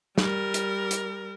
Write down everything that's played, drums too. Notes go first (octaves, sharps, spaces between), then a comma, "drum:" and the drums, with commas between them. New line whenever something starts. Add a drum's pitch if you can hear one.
G3 A#4, drum: snare
drum: hi-hat
drum: hi-hat